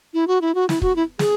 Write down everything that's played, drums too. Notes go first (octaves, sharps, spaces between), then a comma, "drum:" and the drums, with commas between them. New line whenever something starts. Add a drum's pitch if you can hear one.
E4
F#4
E4
F#4
E4, drum: snare
F#4, drum: kick
E4
G#4, drum: snare